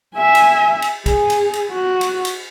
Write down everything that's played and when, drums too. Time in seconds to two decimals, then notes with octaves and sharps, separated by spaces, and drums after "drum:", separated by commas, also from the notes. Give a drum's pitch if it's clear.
0.16 E5 G#5
0.35 drum: cymbal
0.82 drum: cymbal
1.06 G#4, drum: kick, cymbal
1.30 drum: cymbal
1.53 drum: cymbal
1.71 F#4
2.01 drum: cymbal
2.25 drum: cymbal